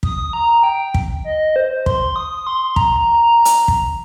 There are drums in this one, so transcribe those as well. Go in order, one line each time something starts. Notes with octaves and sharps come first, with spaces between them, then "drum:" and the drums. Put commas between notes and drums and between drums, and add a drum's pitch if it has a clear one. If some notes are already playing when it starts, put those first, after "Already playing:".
D#6, drum: kick
A#5
G5
drum: kick
D#5
C5
C6, drum: kick
D#6
C6
A#5, drum: kick
A#5
drum: hi-hat
drum: kick